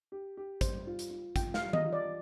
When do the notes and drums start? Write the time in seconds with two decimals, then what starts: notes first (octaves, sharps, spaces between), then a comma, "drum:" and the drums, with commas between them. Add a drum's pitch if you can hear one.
0.12 G4
0.37 G4
0.61 G3 C5, drum: kick, hi-hat
0.87 F4
0.99 drum: hi-hat
1.11 F4
1.36 F4 G5, drum: kick, hi-hat
1.54 F5, drum: snare
1.61 G3
1.73 D#5, drum: tom D#3
1.85 F4
1.93 D5